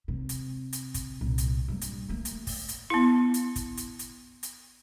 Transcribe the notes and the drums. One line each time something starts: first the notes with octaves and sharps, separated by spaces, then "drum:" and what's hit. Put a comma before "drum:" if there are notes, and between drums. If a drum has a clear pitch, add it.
C3
drum: hi-hat
drum: hi-hat
drum: kick, hi-hat
C2 A#2
drum: hi-hat
G2 A#3
drum: hi-hat
A3 A#3
drum: hi-hat
drum: kick, open hi-hat
drum: hi-hat
B3 E4
drum: hi-hat
drum: kick, hi-hat
drum: hi-hat
drum: hi-hat
drum: hi-hat